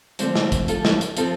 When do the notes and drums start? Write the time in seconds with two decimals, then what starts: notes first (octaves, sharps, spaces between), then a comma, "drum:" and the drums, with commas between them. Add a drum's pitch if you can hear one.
0.19 D3 F3 A3 C4, drum: hi-hat
0.36 drum: snare
0.52 drum: kick, hi-hat
0.68 F4 A4, drum: hi-hat
0.85 drum: snare
1.01 drum: hi-hat
1.17 F3 C4 F4 A4, drum: hi-hat